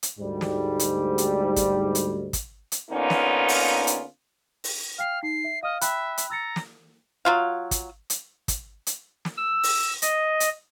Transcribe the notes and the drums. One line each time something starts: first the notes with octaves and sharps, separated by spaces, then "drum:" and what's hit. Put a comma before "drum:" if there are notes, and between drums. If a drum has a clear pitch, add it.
drum: hi-hat
D2 G#2 G3
drum: snare
drum: hi-hat
drum: hi-hat
drum: kick, hi-hat
drum: hi-hat
drum: kick, hi-hat
drum: hi-hat
D3 A#3 B3 C#4 D#4 F4
drum: snare
drum: open hi-hat
drum: hi-hat
drum: open hi-hat
F5 G5 F6 C7
D#4 C7
E5
D#5 F5 F6
E5 G5 B5 F#6, drum: hi-hat
drum: hi-hat
A#5 E6 A6 C#7
drum: snare
F#3 F4 F5
drum: kick, hi-hat
drum: hi-hat
drum: kick, hi-hat
drum: hi-hat
drum: snare
E6
drum: open hi-hat
D#5, drum: hi-hat
drum: hi-hat